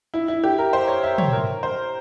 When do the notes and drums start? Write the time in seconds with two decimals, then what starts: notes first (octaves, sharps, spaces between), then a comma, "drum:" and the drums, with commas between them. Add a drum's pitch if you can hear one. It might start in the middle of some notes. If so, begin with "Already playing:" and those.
0.14 E4
0.28 E4
0.44 G4
0.59 A#4
0.73 C5
0.88 C#5
1.04 E5
1.18 C#5, drum: tom
1.33 A#4
1.63 C5